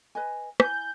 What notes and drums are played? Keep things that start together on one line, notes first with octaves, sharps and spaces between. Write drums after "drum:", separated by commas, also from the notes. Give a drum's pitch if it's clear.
B4 D#5 G#5
E4 G#5 G6, drum: rim click